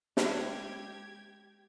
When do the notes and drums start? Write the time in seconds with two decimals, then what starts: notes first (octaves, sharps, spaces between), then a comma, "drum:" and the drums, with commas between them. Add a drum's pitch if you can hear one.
0.17 G#3 G4 G#6, drum: snare